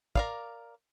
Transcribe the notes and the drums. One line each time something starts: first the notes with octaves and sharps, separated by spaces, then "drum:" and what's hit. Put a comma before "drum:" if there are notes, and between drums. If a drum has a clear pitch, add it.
A#4 D5 F5, drum: kick